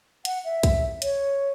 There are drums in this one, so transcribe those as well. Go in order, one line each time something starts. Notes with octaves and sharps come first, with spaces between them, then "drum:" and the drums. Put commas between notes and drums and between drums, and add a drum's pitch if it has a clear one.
F#5, drum: hi-hat
E5
drum: kick, hi-hat
C#5, drum: hi-hat